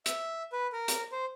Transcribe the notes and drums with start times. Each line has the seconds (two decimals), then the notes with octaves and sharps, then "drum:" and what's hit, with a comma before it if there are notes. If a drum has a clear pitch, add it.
0.06 E5, drum: hi-hat
0.52 B4
0.72 A#4
0.88 drum: hi-hat
1.12 C5